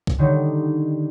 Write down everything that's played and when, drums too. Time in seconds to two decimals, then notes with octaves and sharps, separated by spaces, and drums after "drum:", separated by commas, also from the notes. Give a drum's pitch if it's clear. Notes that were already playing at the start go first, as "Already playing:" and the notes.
0.07 drum: kick C2
0.19 D3 D#3 G3